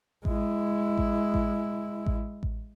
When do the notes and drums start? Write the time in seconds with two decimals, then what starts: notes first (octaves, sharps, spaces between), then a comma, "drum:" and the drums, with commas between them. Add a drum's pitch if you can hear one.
0.25 G#3 E4, drum: kick A1
0.98 drum: kick A1
1.34 drum: kick A1
2.06 drum: kick A1
2.43 drum: kick A1